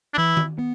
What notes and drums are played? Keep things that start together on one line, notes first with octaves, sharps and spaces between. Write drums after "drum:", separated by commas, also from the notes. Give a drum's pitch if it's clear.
D4
E3 E4
drum: tom D#3
B3